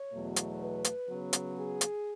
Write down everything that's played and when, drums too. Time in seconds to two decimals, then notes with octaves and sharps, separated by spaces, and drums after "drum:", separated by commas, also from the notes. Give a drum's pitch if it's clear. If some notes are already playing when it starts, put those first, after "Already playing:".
Already playing: C#5
0.13 E2 B2 F#3 A3
0.36 drum: hi-hat
0.60 B4
0.84 drum: hi-hat
1.08 C#3 F#3 B3
1.33 drum: hi-hat
1.57 G#4
1.81 drum: hi-hat